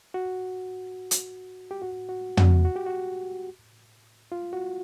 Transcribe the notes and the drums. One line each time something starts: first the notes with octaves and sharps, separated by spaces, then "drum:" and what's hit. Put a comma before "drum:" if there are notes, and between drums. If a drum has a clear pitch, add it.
F#4
drum: hi-hat
G4
F#4
F#4
F#4, drum: tom
F#4
G4
F#4
F4
F#4